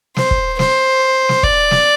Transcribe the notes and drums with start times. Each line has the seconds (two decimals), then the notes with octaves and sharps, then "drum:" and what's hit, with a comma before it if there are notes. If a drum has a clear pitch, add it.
0.16 C5, drum: snare
0.31 drum: kick
0.59 C5, drum: snare
1.29 drum: snare
1.43 D5, drum: kick
1.71 drum: snare